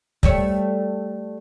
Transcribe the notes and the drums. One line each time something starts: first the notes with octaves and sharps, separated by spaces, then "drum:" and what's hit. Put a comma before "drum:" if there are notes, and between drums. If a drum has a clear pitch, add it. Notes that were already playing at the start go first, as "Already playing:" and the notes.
G3 A3 C#5, drum: kick